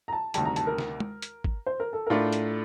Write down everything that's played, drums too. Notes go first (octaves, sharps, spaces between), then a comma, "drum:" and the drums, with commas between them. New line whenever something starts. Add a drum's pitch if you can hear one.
A#5
A5
D2 C3 D#3 G3 A5, drum: hi-hat
A#5
A5, drum: hi-hat
A#4
drum: snare
drum: tom G#3
drum: hi-hat
drum: kick
C5
A#4
A4
A2 A3 D4 F4 A#4
drum: hi-hat